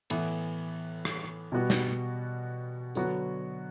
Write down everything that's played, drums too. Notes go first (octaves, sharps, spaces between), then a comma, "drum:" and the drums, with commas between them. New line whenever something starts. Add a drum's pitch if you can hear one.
A2 E3 B3, drum: cymbal
drum: rim click
B2 G3 B3 F#4
drum: snare
D3 F#3 B3 F#4, drum: tambourine